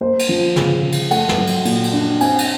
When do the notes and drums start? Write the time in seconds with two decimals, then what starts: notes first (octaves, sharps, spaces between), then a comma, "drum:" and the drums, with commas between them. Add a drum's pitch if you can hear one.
0.01 A#3 C5
0.19 drum: cymbal
0.29 F3
0.56 C#3, drum: snare
0.83 C#3
0.92 drum: cymbal
1.11 A3 F#5, drum: cymbal
1.29 drum: snare
1.38 F#3
1.47 drum: cymbal
1.65 A#2, drum: cymbal
1.84 drum: cymbal
1.93 D4
2.21 C4 G#5, drum: cymbal
2.39 drum: cymbal